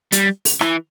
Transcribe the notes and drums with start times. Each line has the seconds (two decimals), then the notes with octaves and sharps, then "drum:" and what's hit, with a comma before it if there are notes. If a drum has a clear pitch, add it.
0.12 G3, drum: hi-hat
0.45 drum: open hi-hat
0.61 E3, drum: rim click